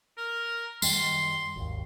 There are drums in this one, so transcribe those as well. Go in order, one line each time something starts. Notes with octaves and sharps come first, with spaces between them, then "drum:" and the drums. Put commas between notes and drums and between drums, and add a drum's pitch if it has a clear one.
A#4
F#2 D#3 G3 C6, drum: tambourine
G#1 D#2